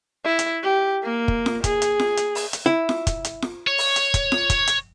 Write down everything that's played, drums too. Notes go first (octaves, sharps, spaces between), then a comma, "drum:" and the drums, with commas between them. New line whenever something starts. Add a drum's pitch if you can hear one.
E4
drum: hi-hat
G4
A#3
drum: kick
drum: snare F4
G#4, drum: kick, hi-hat
drum: hi-hat
drum: snare F4
drum: hi-hat
drum: open hi-hat
drum: hi-hat
E4
drum: snare F4
drum: kick, hi-hat
drum: hi-hat
drum: snare F4
C#5
drum: open hi-hat
drum: hi-hat
drum: kick, hi-hat
drum: snare F4
drum: kick, hi-hat
drum: hi-hat